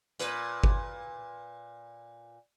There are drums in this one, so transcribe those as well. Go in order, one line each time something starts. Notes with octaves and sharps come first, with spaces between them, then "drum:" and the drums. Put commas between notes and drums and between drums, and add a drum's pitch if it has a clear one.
A#2 B4, drum: hi-hat
drum: kick G1